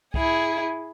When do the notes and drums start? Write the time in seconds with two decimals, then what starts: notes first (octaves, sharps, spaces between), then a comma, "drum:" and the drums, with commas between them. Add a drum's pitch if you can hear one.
0.14 E4 G#4, drum: kick C2